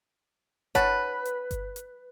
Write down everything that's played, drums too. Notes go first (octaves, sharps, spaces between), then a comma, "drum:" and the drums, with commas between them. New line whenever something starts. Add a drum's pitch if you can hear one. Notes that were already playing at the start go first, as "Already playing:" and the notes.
B4 C#5 F#5 A5, drum: kick G1, hi-hat
drum: hi-hat
drum: kick G1, hi-hat
drum: hi-hat